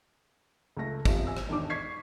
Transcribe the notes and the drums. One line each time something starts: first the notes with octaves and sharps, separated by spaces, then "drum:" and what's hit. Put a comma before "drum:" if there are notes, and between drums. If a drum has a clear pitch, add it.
C#2 A3 A#6
E1 C3 F4, drum: kick, tambourine
G#5 E6
drum: rim click
E1 D#3 D4 D6
C#6 G#6 B6 C7